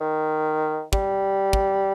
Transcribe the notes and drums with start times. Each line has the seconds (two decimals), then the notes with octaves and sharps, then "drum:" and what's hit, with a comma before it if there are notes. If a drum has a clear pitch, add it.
0.01 D#3
0.93 G3, drum: kick
1.53 drum: kick